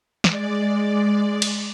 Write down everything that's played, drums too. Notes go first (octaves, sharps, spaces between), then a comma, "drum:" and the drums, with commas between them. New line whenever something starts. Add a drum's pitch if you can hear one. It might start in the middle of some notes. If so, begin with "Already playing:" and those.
G#3 D5, drum: snare
drum: cymbal